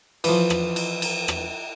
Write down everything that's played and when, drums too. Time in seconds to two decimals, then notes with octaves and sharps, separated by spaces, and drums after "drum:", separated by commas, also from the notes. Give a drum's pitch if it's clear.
0.24 E3 F3, drum: cymbal
0.50 drum: rim click
0.76 drum: cymbal
1.02 drum: cymbal
1.28 drum: rim click